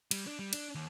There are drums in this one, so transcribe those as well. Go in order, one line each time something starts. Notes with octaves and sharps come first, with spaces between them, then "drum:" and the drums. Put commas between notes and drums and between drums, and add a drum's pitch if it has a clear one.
G3, drum: cymbal
D4
G3
D4, drum: cymbal
D#2